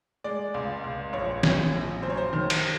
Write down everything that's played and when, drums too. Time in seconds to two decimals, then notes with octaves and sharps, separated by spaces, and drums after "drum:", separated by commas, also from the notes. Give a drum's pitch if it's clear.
0.24 G#3 D5
0.54 C#2
0.84 C#2
1.13 A#1 C#5
1.43 A#2, drum: snare
1.73 A#1
2.03 F#2 C5
2.10 C#5
2.17 C5
2.33 D#3
2.50 drum: cymbal